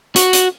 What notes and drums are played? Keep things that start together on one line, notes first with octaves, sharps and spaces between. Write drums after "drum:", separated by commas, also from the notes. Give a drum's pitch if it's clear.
F#4, drum: hi-hat
drum: hi-hat